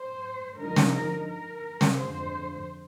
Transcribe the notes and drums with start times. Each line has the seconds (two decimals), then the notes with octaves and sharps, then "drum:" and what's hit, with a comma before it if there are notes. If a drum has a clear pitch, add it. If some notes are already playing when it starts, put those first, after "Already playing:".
Already playing: C5
0.59 D3 F3 G#3 D#4 A#4
0.76 drum: snare
0.94 A#4
1.28 A#4
1.81 drum: snare
1.98 F2 D3 G#3 C5